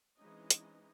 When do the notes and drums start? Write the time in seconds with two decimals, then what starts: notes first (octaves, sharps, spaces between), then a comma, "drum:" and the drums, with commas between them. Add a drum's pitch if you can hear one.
0.18 E3 G#3 C4 C#4 D#4 D#5
0.50 drum: hi-hat